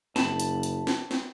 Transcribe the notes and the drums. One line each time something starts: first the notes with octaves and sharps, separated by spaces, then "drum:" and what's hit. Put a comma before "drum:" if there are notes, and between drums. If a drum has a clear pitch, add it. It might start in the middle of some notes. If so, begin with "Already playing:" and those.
F#1 A5 B5, drum: snare
drum: hi-hat
drum: hi-hat
drum: snare
drum: snare